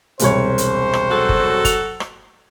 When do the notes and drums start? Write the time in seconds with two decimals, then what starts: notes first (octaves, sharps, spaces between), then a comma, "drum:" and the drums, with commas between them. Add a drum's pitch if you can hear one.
0.19 E1 C2 C5 C#5, drum: hi-hat
0.58 drum: hi-hat
0.93 drum: rim click
1.09 F#3 F#4 A4
1.29 drum: kick
1.65 F7, drum: kick, hi-hat
2.00 drum: rim click